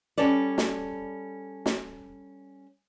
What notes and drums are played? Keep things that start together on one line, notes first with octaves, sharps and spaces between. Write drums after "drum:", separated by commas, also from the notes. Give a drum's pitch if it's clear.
G3 C#4 A4 D5
drum: snare
drum: snare